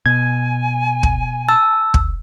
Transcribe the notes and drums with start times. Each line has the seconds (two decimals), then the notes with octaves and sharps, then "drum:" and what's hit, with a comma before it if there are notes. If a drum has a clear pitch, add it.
0.06 B2 G#5 G#6
1.03 drum: kick
1.49 A5 E6
1.94 drum: kick